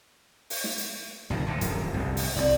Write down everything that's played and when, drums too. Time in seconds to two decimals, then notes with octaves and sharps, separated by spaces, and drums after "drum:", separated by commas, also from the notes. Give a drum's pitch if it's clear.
0.50 drum: open hi-hat
0.64 drum: snare
0.78 drum: hi-hat
1.30 D2 A2 C3 D#3 F3
1.47 D2 A#2 D3 F3 C4
1.61 D#1 F#2 A2, drum: hi-hat
1.93 F1 C2 G#2
2.17 drum: open hi-hat
2.36 C2 F3 C4 D5